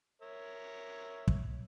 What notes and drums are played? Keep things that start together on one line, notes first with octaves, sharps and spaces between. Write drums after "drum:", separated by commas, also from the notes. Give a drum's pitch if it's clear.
A#4 C#5 E5
drum: kick